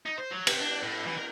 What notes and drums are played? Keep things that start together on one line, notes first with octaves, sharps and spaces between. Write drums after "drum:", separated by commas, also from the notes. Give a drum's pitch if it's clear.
D#4
C5
F#3
C3, drum: cymbal
D4
A2
E3
A#4